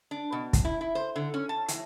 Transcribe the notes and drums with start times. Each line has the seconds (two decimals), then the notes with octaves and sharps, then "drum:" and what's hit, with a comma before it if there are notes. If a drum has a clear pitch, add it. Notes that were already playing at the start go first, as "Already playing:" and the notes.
0.11 D4
0.32 B2
0.53 drum: kick, hi-hat
0.65 E4
0.81 E4
0.95 C5
1.16 D3
1.34 C#4
1.49 A5
1.68 E3, drum: hi-hat